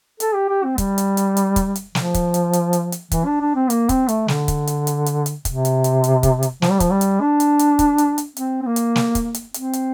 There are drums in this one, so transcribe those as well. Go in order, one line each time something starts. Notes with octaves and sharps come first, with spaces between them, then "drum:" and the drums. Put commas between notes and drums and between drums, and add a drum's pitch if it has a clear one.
A4, drum: hi-hat
G4
G4
C4
G3, drum: kick, hi-hat
drum: hi-hat
drum: hi-hat
drum: hi-hat
drum: kick, hi-hat
drum: hi-hat
F3, drum: snare
drum: kick, hi-hat
drum: hi-hat
drum: hi-hat
drum: hi-hat
drum: hi-hat
E3, drum: kick, hi-hat
D4
D4
C4
A#3, drum: hi-hat
C4, drum: kick, hi-hat
A3, drum: hi-hat
D3, drum: snare
drum: kick, hi-hat
drum: hi-hat
drum: hi-hat
drum: hi-hat
drum: hi-hat
C3, drum: kick, hi-hat
drum: hi-hat
drum: hi-hat
drum: hi-hat
drum: kick, hi-hat
drum: hi-hat
F3, drum: snare
G3
F3, drum: kick, hi-hat
G3
drum: hi-hat
D4
drum: hi-hat
drum: hi-hat
drum: kick, hi-hat
drum: hi-hat
drum: hi-hat
C4, drum: hi-hat
C4
A#3
drum: hi-hat
drum: snare
drum: kick, hi-hat
drum: hi-hat
C4, drum: hi-hat
drum: hi-hat